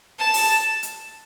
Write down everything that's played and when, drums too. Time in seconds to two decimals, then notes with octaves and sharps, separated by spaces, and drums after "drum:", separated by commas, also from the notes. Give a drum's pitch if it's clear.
0.19 A5
0.34 drum: open hi-hat
0.83 drum: hi-hat